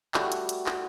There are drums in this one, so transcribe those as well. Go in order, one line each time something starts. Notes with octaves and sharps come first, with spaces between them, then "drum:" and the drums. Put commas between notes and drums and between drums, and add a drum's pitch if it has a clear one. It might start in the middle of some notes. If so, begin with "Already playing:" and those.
G3 A3 F#4, drum: clap
drum: hi-hat
drum: hi-hat
drum: clap